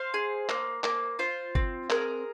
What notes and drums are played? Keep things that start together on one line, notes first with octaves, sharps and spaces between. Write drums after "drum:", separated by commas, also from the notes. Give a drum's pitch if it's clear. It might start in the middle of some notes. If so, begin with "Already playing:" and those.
Already playing: C5 F5
G#4
A#3, drum: clap
A#3, drum: clap
F4 C5
C4, drum: kick G1
G#4 A#4, drum: clap